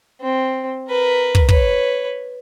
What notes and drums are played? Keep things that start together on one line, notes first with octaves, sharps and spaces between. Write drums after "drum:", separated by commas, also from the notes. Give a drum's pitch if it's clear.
C4
A#4 B4
drum: kick
B4 C#5, drum: kick